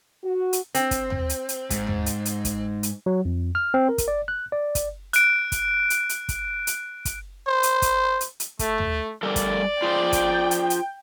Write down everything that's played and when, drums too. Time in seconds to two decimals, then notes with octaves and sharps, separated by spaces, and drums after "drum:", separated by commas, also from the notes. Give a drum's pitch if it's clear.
0.23 F#4
0.53 drum: hi-hat
0.75 C4, drum: hi-hat
0.91 drum: kick, hi-hat
1.10 drum: tom
1.29 drum: hi-hat
1.49 drum: hi-hat
1.70 G#2, drum: kick, hi-hat
1.87 drum: tom
2.06 drum: hi-hat
2.25 drum: hi-hat
2.45 drum: kick, hi-hat
2.83 drum: hi-hat
3.06 F#3
3.25 F2
3.55 F6
3.74 C4
3.89 A#4
3.98 drum: kick, hi-hat
4.08 D5
4.28 F#6
4.52 D5
4.75 drum: kick, hi-hat
5.13 F#6 D7, drum: hi-hat
5.52 drum: kick, hi-hat
5.90 drum: hi-hat
6.09 drum: hi-hat
6.29 drum: kick, hi-hat
6.67 drum: hi-hat
7.05 drum: kick, hi-hat
7.48 C5
7.63 drum: hi-hat
7.82 drum: kick, hi-hat
8.21 drum: hi-hat
8.40 drum: hi-hat
8.59 A3, drum: kick, hi-hat
8.78 drum: tom
9.23 G3 A4 A#4 D5
9.36 drum: kick, hi-hat
9.82 F4 G#4 C5 G5
10.13 drum: kick, hi-hat
10.51 drum: hi-hat
10.70 drum: hi-hat